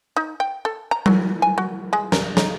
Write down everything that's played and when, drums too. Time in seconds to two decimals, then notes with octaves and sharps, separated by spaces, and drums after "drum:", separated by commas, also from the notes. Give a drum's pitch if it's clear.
0.16 D#4
0.40 G5
0.65 A4
0.91 A#5
1.06 F#3, drum: tom F#3
1.42 G#5
1.58 F#4
1.93 G#3
2.12 A#4, drum: snare
2.37 D#4, drum: snare